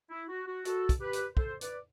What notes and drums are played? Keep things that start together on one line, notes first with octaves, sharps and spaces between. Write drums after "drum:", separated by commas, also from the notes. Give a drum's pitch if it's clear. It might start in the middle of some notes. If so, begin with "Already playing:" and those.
E4
F#4
F#4
F#4 A4, drum: hi-hat
drum: kick, hi-hat
G4 B4
drum: hi-hat
A4 C5, drum: kick
B4 D5, drum: hi-hat